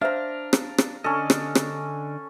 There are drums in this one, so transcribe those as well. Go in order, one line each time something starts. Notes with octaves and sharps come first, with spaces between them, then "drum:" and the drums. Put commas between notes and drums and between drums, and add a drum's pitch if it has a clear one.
D4 C5 E5 F5 A#5
drum: rim click
drum: rim click
D3 C#4 D4 A4 D#5
drum: rim click
drum: rim click